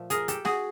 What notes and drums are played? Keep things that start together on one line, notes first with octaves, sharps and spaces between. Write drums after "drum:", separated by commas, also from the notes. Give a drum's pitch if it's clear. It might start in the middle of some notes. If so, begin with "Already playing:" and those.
Already playing: A#2 F3 A3
G#4 A#4, drum: hi-hat
G4 A4, drum: hi-hat
F#4 G#4, drum: snare